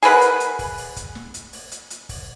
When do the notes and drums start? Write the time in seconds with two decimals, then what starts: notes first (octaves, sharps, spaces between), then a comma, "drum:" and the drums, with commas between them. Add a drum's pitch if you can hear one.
0.03 G#4 A#4 B4 F#5, drum: open hi-hat
0.21 drum: hi-hat
0.40 drum: hi-hat
0.59 drum: kick, open hi-hat
0.78 drum: open hi-hat
0.96 drum: kick, hi-hat
1.15 drum: snare
1.34 drum: hi-hat
1.53 drum: open hi-hat
1.72 drum: hi-hat
1.90 drum: hi-hat
2.09 drum: kick, open hi-hat